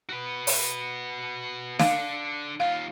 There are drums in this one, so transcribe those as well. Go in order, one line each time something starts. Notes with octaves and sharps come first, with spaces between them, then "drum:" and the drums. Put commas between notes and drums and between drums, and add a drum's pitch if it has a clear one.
F#4 B4
drum: open hi-hat
D3 D4 F5, drum: snare
D#2 F4 F5